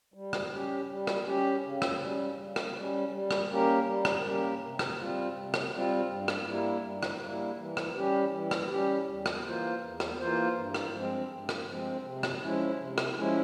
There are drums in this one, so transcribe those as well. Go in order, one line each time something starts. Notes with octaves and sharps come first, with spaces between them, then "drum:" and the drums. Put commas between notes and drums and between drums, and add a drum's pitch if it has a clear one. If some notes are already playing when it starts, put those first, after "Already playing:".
G3
drum: rim click
C#4 G4
G3
drum: rim click
C#4 G4
C#3
drum: rim click
G3 C#4
C#3
drum: rim click
G3 C#4
G3
drum: rim click
A#3 C#4 G4 A#4
G3
drum: rim click
A#3 C#4 G4 A#4
C3
drum: rim click
G3 C4 F4
C3
drum: rim click
G3 C4 F4
G2
drum: rim click
G3 A#3 E4
G2
drum: rim click
G3 A#3 E4
E3
drum: rim click
G3 C#4 G4
E3
drum: rim click
G3 C#4 G4
E2
drum: rim click
E3 A#3 F4 C5
E2
drum: rim click
E3 A#3 F4 C5
G2
drum: rim click
F3 G#3 C4
G2
drum: rim click
F3 G#3 C4
C3
drum: rim click
F3 G#3 C#4 E4
C3
drum: rim click
F3 G#3 C#4 E4